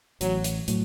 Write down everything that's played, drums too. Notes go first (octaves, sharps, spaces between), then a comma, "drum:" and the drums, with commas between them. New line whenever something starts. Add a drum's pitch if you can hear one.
A1 F#3, drum: hi-hat
drum: hi-hat
A2 F#3, drum: hi-hat